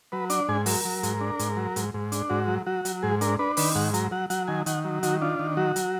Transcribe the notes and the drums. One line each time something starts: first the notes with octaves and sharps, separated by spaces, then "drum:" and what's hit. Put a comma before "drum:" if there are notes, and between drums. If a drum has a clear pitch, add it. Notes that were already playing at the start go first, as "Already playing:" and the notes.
F#3 B4
D4 D5, drum: hi-hat
G#2 G#5
F#3 A#4, drum: open hi-hat
F#3
G#2, drum: hi-hat
D4
G#2, drum: hi-hat
F#3
G#2, drum: hi-hat
G#2
D4, drum: hi-hat
G#2 F#4
F#3
F#3 F#4
F#3, drum: hi-hat
G#2 G#4
D4 A#4, drum: hi-hat
D4 B4
D#3 B4, drum: open hi-hat
G#2 F#5
F#3 A#5, drum: hi-hat
F#3 F#5
F#3 F#5, drum: hi-hat
D#3 G#5
D#3 F#5, drum: hi-hat
F#3
D#3 F#4, drum: hi-hat
D4 F4
D#3
F#3 F#4
F#3, drum: hi-hat